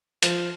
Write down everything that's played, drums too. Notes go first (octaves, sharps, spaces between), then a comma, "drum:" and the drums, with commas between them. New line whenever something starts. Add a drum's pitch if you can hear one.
F3, drum: hi-hat